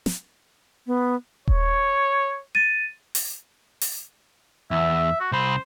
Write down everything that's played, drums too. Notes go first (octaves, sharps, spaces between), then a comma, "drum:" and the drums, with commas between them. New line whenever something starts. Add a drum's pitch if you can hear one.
drum: snare
B3
C#5, drum: kick D#1
A6 D#7
drum: open hi-hat
drum: open hi-hat
E2 E5
F#4
C2 C5 B5